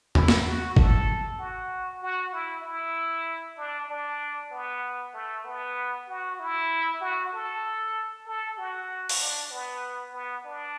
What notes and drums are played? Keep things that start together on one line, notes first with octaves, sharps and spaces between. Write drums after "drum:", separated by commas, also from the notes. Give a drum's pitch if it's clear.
E4, drum: tom E2
drum: snare
F#4
A4, drum: kick G1
F#4
F#4
E4
E4
D4
D4
B3
A3
B3
F#4
E4
F#4
A4
A4
F#4
drum: open hi-hat
D4
B3
B3
D4